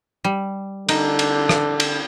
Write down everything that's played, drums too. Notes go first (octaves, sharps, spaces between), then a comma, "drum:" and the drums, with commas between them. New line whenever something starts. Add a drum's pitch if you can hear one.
G3
D3 D#4, drum: cymbal
drum: cymbal
drum: rim click
drum: cymbal